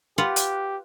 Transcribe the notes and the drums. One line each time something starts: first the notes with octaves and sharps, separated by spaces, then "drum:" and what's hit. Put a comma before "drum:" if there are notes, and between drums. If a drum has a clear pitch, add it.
F4 G4 B4 F#5
drum: hi-hat